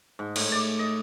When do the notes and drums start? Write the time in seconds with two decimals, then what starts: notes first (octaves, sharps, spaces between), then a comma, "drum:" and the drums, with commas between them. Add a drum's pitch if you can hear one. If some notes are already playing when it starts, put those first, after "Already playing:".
0.19 G#2
0.36 A2, drum: cymbal
0.52 D5
0.79 D#5